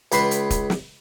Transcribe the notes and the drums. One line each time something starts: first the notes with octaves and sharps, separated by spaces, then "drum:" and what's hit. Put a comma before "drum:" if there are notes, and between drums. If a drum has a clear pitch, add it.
C#2 B4 C6 C#6, drum: hi-hat
drum: hi-hat
drum: kick, hi-hat
drum: snare